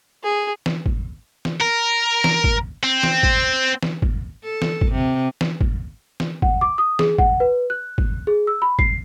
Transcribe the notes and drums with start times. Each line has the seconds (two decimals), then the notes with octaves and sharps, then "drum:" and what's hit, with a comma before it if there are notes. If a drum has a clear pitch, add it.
0.24 G#4
0.66 drum: snare E3
0.86 drum: kick
1.45 drum: snare E3
1.60 A#4
2.24 drum: snare E3
2.44 drum: kick
2.83 C4
3.03 drum: snare E3
3.23 drum: kick
3.83 drum: snare E3
4.02 drum: kick
4.44 A4
4.62 drum: snare E3
4.81 drum: kick
4.91 C3
5.41 drum: snare E3
5.61 drum: kick
6.20 drum: snare E3
6.42 F#5, drum: kick
6.61 D6
6.78 D#6
6.99 G#4, drum: snare E3
7.18 F#5, drum: kick
7.40 B4
7.70 F#6
7.98 drum: kick
8.27 G#4
8.47 E6
8.62 B5
8.79 C7, drum: kick